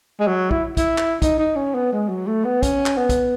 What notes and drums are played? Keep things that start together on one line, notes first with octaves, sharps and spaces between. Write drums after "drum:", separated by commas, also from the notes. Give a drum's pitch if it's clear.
G#3
F#3
E4, drum: kick
E4, drum: kick, hi-hat
drum: clap
D#4, drum: kick, hi-hat
D#4
C#4
B3
G#3
F#3
A3
B3
C#4, drum: kick, hi-hat
drum: clap
B3
drum: kick, hi-hat